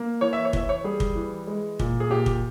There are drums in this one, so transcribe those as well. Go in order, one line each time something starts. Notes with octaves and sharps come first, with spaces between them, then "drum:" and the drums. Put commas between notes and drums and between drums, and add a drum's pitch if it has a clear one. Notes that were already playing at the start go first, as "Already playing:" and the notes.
Already playing: A#3
E3 C#5
E5
C#5
E3 E5, drum: kick
C#5
G3 G#4
drum: kick
E3
G#3
A#2, drum: kick
G#4
A#2 G4
drum: kick